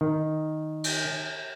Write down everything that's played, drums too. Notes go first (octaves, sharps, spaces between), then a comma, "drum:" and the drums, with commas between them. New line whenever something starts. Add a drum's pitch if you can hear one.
D#3
drum: cymbal